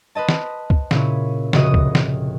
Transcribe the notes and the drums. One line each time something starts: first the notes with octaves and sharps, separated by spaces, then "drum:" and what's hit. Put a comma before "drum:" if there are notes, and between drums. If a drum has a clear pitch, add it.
B4 C5 D#5 A5
drum: snare
drum: kick
A#2 C#3 C#4 E4, drum: snare
F1 C#3 F#4 G#4 D#5 D#6, drum: snare
drum: kick
drum: snare